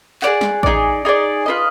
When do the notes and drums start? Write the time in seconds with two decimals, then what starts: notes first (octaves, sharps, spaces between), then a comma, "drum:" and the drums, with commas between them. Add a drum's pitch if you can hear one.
0.22 G#4 D5 F#5, drum: clap
0.41 drum: snare
0.63 D#4 G#4 D5, drum: kick A1
1.05 D#4 G#4 D5
1.46 F4 B4 D#5